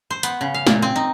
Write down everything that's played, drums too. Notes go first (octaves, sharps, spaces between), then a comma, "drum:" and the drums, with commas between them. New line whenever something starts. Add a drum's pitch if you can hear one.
C5
B3, drum: hi-hat
C#3
F5
A#2, drum: snare
C4
D#4